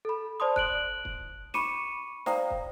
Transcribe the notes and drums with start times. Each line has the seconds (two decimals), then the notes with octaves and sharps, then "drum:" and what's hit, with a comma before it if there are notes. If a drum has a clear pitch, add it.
0.05 A4 B5
0.40 C5 D5 A5 C6 D#6
0.56 F#6 D7 F#7, drum: kick
1.05 drum: kick
1.54 B5 C#6 D6 C#7 D#7 E7, drum: snare
2.26 C5 D5 F5 G5 A#5 D#6, drum: snare
2.50 drum: kick